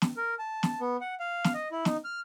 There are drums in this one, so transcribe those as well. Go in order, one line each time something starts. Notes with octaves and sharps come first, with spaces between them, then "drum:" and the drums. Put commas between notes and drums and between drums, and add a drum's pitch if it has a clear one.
drum: snare
A#4
A5
drum: snare
B3
F#5
F5
drum: snare
D#5
E4
D#4, drum: snare
F6